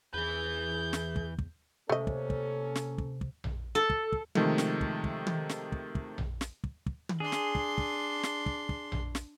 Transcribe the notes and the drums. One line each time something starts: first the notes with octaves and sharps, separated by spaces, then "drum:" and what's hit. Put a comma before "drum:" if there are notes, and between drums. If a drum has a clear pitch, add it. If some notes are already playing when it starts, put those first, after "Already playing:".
E2 E3 G#4 B4 G6
drum: snare
drum: kick
drum: kick
C3 A3 A#3 C#4 A4 D#5
drum: kick
drum: kick
drum: snare
drum: kick
drum: kick
drum: tom A#1
A4
drum: kick
drum: kick
C3 D#3 F3 G#3 A3, drum: tom
drum: snare
drum: kick
drum: kick
drum: tom
drum: snare
drum: kick
drum: kick
drum: tom A#1
drum: snare
drum: kick
drum: kick
drum: tom
D4 G#4 C6
drum: snare
drum: kick
drum: kick
drum: snare
drum: kick
drum: kick
drum: tom A#1
drum: snare